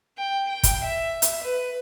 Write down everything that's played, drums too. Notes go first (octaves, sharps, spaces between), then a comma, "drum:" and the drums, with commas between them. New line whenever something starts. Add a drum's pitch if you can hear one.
G5
G5
drum: kick, hi-hat
E5
drum: hi-hat
B4